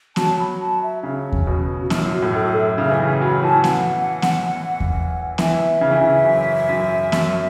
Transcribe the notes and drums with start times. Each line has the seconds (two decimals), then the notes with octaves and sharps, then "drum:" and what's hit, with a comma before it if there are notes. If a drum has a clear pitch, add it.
0.16 F#3 A5, drum: snare B3
0.38 B5
0.60 A5
0.82 E5
1.03 C#3 C#4
1.32 drum: kick E2
1.47 B2
1.82 F#4
1.90 F#2 E4, drum: snare B3
2.12 F#4
2.22 A2
2.33 F#2 A4
2.56 E5
2.77 C#3 E5
2.91 E3
2.99 C#3
3.21 F#3 B5
3.43 E3 A5
3.64 F#5, drum: snare B3
4.22 drum: snare B3
4.80 drum: kick E2
5.38 E3 E5, drum: snare B3
5.81 C#3
5.91 E3
6.00 C#3
6.25 F#2
6.69 F#2
7.12 F#2, drum: snare B3